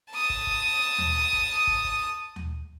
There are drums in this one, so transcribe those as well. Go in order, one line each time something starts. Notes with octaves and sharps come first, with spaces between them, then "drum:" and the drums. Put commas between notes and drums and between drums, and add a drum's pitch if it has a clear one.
A5 D#6
drum: kick
drum: kick
drum: tom D#2
drum: kick
drum: kick
drum: kick
drum: tom D#2